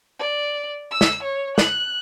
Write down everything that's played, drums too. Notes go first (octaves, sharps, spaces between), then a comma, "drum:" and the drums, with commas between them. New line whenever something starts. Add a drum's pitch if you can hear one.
D5
E6
drum: snare
C#5
F#6, drum: snare